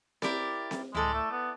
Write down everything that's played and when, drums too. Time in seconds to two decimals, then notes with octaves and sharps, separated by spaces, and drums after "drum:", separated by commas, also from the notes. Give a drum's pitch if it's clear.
0.22 E4 G4 A#4 D5, drum: snare C4
0.71 drum: snare C4
0.94 G#3 E4 A4 D5, drum: tom C#2
1.14 A3
1.31 B3